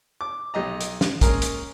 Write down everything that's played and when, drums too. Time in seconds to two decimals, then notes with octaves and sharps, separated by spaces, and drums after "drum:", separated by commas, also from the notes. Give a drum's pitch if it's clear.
0.21 D6
0.54 B1 G4 D#5 A#5
0.81 drum: hi-hat
1.01 drum: snare
1.21 G#3 A#3 C#4 G#4 A#4, drum: kick, hi-hat
1.42 drum: hi-hat